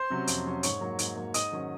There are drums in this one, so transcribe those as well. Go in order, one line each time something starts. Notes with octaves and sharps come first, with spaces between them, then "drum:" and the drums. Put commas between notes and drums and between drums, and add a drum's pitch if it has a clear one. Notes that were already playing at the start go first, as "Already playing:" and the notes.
Already playing: C5 C6
C3 F#3 C#4
F2, drum: hi-hat
C3 F#3 C#4
G#2 C#5 C#6, drum: hi-hat
F#3 A#3
G#2, drum: hi-hat
F#3 A#3
G#2 D#5 D#6, drum: hi-hat
D#3 F#3 C#4